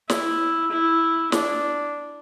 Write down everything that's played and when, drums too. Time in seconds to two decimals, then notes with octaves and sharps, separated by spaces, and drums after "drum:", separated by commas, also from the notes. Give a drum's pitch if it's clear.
0.10 E4, drum: snare
0.72 E4
1.32 D4, drum: snare